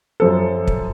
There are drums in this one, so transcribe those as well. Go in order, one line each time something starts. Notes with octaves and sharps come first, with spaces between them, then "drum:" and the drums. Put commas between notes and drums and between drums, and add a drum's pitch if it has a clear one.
F#2 F3 A4
drum: kick